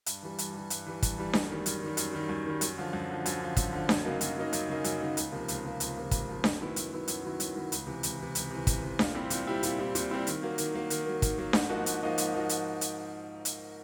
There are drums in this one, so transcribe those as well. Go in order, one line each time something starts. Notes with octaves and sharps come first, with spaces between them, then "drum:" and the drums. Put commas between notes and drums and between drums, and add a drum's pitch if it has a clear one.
G2, drum: hi-hat
E3 G3
G2, drum: hi-hat
E3 G3
G2, drum: hi-hat
E3 G3
G2, drum: kick, hi-hat
E3 G3
F#2, drum: snare D4
D#3 G3
F#2, drum: hi-hat
D#3 G3
F#2, drum: hi-hat
D#3 G3
F#2
D#3 G3
F#2, drum: hi-hat
D3 F3
F#2
D3 F3
F#2, drum: hi-hat
D3 F3
F#2, drum: kick, hi-hat
D3 F3
F#2, drum: snare D4
C#3 F#3 A#3 D#4
F#2, drum: hi-hat
C#3 F#3 A#3 D#4
F#2, drum: hi-hat
C#3 F#3 A#3 D#4
F#2, drum: hi-hat
C#3 F#3 A#3 D#4
C#2, drum: hi-hat
C3 F3 A#3
C#2, drum: hi-hat
C3 F3 A#3
C#2, drum: hi-hat
C3 F3 A#3
C#2, drum: kick, hi-hat
C3 F3 A#3
F#2, drum: snare D4
D#3 F#3 B3 E4
F#2, drum: hi-hat
D#3 F#3 B3 E4
F#2, drum: hi-hat
D#3 F#3 B3 E4
F#2, drum: hi-hat
D#3 F#3 B3 E4
C#2, drum: hi-hat
C3 E3
C#2, drum: hi-hat
C3 E3
C#2, drum: hi-hat
C3 E3
C#2, drum: kick, hi-hat
C3 E3
A#2, drum: snare D4
G3 C4 E4 G4
A#2, drum: hi-hat
G3 C4 E4 G4
A#2, drum: hi-hat
G3 C4 E4 G4
A#2, drum: hi-hat
G3 C4 E4 G4
D#3, drum: hi-hat
F#3 A#3
D#3, drum: hi-hat
F#3 A#3
D#3, drum: hi-hat
F#3 A#3
D#3, drum: kick, hi-hat
F#3 A#3
G#2, drum: snare D4
F3 A#3 D#4 F#4
G#2, drum: hi-hat
F3 A#3 D#4 F#4
G#2, drum: hi-hat
F3 A#3 D#4 F#4
drum: hi-hat
drum: hi-hat
drum: hi-hat